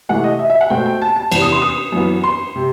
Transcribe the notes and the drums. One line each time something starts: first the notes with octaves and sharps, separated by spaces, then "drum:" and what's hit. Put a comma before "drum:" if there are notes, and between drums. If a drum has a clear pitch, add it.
C3 E3 A3 F#5
D#5
E5
E5
F#5
B2 A3 C4 G5
G5
A5
A5
E2 C3 E3 B3, drum: cymbal
D#6
C6
D#6
F#2 E3 B3
C6
C3